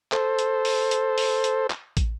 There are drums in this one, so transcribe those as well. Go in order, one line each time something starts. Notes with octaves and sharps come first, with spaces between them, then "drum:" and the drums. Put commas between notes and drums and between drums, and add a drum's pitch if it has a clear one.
A4 C5, drum: clap
drum: hi-hat
drum: open hi-hat
drum: hi-hat
drum: open hi-hat
drum: hi-hat
drum: clap
drum: kick, hi-hat